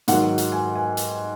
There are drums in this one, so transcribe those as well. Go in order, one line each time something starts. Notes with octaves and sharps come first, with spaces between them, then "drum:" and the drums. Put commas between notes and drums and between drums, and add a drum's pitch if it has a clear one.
G#2 D#3 F#3 F#5, drum: hi-hat
drum: hi-hat
G#5
G#5
drum: hi-hat